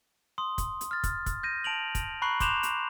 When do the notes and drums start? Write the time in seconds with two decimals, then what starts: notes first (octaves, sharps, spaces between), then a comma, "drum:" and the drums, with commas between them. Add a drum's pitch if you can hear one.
0.38 C6 D#6
0.58 drum: kick, hi-hat
0.81 drum: hi-hat
0.91 F6 A6
1.04 drum: kick, hi-hat
1.26 drum: kick, hi-hat
1.43 G6 A#6 D#7
1.64 A5 D7 F7 F#7
1.95 drum: kick, hi-hat
2.22 A#5 B5 C#6 F#6 C7 F#7
2.40 C6 D6 F#6 G6 E7 F7, drum: kick, hi-hat
2.63 drum: hi-hat